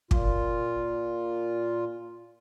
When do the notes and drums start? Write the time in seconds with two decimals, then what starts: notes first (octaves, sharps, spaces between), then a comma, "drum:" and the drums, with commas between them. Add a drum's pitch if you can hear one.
0.11 A#2 F4, drum: kick